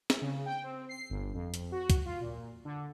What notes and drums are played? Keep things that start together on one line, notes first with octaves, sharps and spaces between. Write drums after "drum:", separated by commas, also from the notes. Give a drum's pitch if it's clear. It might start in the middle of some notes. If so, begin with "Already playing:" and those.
drum: snare
C#3
G5
C4
C7
G1
F2
drum: hi-hat
F#4
drum: kick, hi-hat
F4
A#2
D3